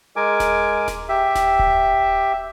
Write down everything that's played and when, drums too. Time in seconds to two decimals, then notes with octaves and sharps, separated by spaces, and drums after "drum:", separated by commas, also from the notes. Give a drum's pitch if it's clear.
0.16 G#3 A#4 G#5 D6
0.40 drum: snare D#1
0.88 drum: snare D#1
1.09 G4 E5
1.35 drum: snare D#1
1.59 drum: kick D1